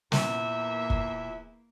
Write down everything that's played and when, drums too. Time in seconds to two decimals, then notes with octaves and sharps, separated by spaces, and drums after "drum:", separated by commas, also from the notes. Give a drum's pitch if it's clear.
0.12 E2 A#2 A#3 E5, drum: snare
0.90 drum: kick